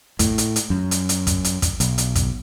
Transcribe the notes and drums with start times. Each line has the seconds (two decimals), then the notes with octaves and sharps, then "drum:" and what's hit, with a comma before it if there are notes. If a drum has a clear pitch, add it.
0.19 A2, drum: kick, hi-hat
0.38 drum: hi-hat
0.56 drum: hi-hat
0.70 F#2
0.91 drum: hi-hat
1.09 drum: hi-hat
1.27 drum: kick, hi-hat
1.44 drum: hi-hat
1.62 drum: kick, hi-hat
1.80 B1, drum: hi-hat
1.98 drum: hi-hat
2.15 drum: kick, hi-hat